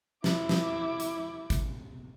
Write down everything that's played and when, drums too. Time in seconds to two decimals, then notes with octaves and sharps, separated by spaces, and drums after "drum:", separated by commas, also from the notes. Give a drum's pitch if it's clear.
0.24 E4 D6, drum: snare
0.49 drum: snare
1.00 drum: hi-hat
1.50 drum: kick G#1, hi-hat